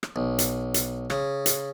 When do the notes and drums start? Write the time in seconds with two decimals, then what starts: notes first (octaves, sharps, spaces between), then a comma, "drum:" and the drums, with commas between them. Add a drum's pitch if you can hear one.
0.03 drum: rim click
0.16 B1
0.39 drum: hi-hat
0.74 drum: hi-hat
1.10 C#3, drum: rim click
1.46 drum: hi-hat